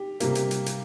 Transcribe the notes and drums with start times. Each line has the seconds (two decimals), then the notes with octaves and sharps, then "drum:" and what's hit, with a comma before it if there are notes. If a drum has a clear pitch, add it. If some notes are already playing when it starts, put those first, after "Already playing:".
Already playing: G4
0.20 C3 G3 A#3, drum: hi-hat
0.35 drum: hi-hat
0.51 drum: hi-hat
0.66 drum: hi-hat